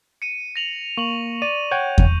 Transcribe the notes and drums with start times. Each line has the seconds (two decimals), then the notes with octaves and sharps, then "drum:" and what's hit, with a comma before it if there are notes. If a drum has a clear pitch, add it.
0.22 C#7 D#7
0.56 A#6 F7 F#7
0.98 A#3 C#6 F#7
1.42 D5 D#7
1.71 C#5 F#5 G5 G6
1.98 drum: kick